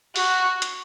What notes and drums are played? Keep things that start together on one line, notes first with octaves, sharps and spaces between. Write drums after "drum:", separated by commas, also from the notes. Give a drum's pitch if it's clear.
F#4, drum: open hi-hat
drum: hi-hat